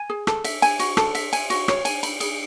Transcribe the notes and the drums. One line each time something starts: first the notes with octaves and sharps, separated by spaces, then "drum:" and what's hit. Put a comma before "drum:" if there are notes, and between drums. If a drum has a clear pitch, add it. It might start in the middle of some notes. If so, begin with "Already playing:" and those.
Already playing: G#5
G#4
A4, drum: rim click
E5, drum: cymbal
G#5, drum: cymbal
F#4, drum: cymbal
A4, drum: rim click
E5, drum: cymbal
G#5, drum: cymbal
F#4, drum: cymbal
C#5, drum: rim click
G#5, drum: cymbal
B5, drum: cymbal
G#4, drum: cymbal